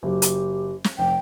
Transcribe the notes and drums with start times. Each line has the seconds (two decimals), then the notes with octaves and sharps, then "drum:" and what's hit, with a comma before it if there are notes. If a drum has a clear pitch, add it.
0.03 F#1 F#3 G4
0.22 drum: hi-hat
0.84 drum: snare
0.98 F1 G5